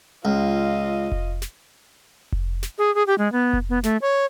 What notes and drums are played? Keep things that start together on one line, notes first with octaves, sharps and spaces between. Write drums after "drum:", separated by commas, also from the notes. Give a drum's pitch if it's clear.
C#2 F4 D#5
drum: kick F1
drum: snare
drum: kick F1
drum: snare
G#4
G#4
G4
G#3
B3
drum: kick F1
B3
A3, drum: snare
C#5